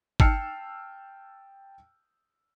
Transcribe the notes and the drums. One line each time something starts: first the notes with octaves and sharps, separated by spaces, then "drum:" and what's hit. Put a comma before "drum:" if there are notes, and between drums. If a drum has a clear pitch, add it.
G5 A5 E6 F6 C7 C#7, drum: kick